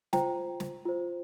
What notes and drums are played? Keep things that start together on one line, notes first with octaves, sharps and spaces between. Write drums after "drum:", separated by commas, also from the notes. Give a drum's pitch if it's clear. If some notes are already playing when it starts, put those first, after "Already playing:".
F4 C5 G5 A#5, drum: snare
drum: snare
F4 C5